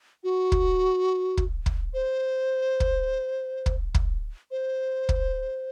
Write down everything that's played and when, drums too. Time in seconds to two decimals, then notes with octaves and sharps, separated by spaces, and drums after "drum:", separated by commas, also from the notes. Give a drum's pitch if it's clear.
0.24 F#4
0.52 drum: kick
1.37 drum: kick
1.66 drum: kick
1.94 C5
2.80 drum: kick
3.66 drum: kick
3.95 drum: kick
4.51 C5
5.09 drum: kick